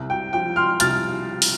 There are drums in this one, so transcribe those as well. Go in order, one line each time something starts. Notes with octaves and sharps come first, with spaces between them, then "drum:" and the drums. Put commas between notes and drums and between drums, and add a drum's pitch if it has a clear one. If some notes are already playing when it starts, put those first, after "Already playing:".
Already playing: C2
G5
F3 G5
C6 F6
C2 F6 A6, drum: hi-hat
drum: open hi-hat